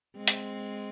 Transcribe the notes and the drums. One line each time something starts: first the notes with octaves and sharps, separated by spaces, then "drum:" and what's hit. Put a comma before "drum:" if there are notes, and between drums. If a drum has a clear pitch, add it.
G#3 C4
drum: hi-hat